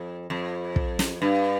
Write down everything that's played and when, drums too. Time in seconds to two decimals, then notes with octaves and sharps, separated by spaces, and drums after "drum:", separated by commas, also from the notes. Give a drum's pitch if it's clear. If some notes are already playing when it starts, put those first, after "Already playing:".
Already playing: F2
0.30 F2
0.76 drum: kick
0.99 drum: snare
1.22 G2